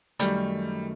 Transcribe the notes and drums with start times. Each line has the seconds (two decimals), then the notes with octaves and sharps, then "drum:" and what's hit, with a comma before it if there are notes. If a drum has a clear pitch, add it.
0.19 F#2 D#3 G3 A3, drum: hi-hat